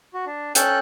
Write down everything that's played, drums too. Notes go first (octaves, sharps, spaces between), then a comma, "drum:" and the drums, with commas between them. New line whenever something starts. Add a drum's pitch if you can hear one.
F#4
D4
C#4 A4 G5 F#6, drum: hi-hat